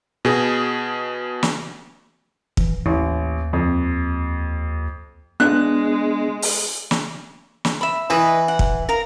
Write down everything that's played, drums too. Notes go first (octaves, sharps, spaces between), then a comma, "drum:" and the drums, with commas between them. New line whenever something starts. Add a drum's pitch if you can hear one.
B2 G#4
drum: snare
E3, drum: kick
A1 D#2
F2
G#3 B3 D4 F#6
drum: open hi-hat
drum: snare
drum: snare
E5 B5
E3 B4 D#5 B5
F#5
drum: kick
A#4 F5 A#5